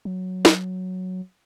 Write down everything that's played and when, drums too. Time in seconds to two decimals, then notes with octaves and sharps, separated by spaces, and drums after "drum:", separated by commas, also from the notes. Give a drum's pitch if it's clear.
0.05 F#3
0.45 drum: snare